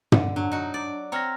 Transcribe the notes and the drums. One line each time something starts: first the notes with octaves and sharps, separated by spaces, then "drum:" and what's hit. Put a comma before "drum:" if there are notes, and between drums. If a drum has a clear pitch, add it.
D3, drum: tom
F#3 D4
D#4 F#4
D5
C4 C#5 A#5 F6 A#6